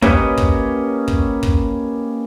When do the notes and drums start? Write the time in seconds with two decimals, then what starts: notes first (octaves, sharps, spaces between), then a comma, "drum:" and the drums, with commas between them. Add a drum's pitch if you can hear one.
0.02 A#3 C#4 G4 B4 C#5 D#5, drum: kick
0.37 drum: kick
1.08 drum: kick
1.43 drum: kick